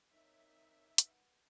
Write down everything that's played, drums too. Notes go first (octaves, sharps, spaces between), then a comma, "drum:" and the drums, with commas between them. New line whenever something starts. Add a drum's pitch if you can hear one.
C4 D#4 A#4 C#5 E5
B4 F#5, drum: hi-hat